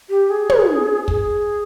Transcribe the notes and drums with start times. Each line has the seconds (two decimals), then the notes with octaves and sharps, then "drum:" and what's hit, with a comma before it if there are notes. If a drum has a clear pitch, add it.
0.10 G4
0.30 G#4
0.49 drum: tom
1.08 G#4, drum: kick